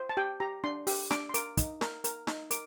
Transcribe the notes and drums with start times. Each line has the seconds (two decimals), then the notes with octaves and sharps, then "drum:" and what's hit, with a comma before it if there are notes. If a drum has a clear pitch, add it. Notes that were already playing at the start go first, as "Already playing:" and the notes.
Already playing: C5
0.09 A5
0.17 G4 G5
0.40 G4 A#5
0.64 D4 C6
0.87 G4, drum: open hi-hat
1.11 D4 D6, drum: snare
1.29 C6
1.34 A#4 D6, drum: hi-hat
1.57 D#4, drum: kick, hi-hat
1.81 A#4, drum: snare
2.04 A#4, drum: hi-hat
2.27 D#4, drum: snare
2.51 A#4 D6, drum: hi-hat